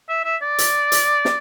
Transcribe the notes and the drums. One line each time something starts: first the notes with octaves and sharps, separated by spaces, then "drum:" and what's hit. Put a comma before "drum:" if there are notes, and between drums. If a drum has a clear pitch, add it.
E5
E5
D5
drum: hi-hat
drum: hi-hat
drum: snare